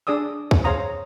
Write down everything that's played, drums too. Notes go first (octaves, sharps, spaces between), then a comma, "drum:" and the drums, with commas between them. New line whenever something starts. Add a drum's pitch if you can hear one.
D4 G#4 D5 D#6 E6
drum: kick
G#4 C5 C#5 F5 A#5 D#6